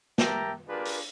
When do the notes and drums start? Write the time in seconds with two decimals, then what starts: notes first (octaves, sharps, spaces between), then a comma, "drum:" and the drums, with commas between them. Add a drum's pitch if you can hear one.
0.18 G4 A#4 E5 G5 A5 A#5, drum: snare
0.68 D4 F4 G4 G#4 A#4 B4
0.85 drum: open hi-hat